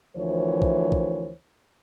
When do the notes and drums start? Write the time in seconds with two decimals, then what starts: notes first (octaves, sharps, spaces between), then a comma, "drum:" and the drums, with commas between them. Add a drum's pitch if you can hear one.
0.16 D2 E3 F3 A#4 C5 C#5
0.62 drum: kick
0.92 drum: kick